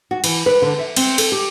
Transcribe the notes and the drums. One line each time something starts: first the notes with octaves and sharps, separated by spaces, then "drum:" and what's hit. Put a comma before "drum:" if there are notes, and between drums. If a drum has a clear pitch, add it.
F#4
E3, drum: cymbal
B4
D3
E5
C4, drum: cymbal
A4, drum: cymbal
G4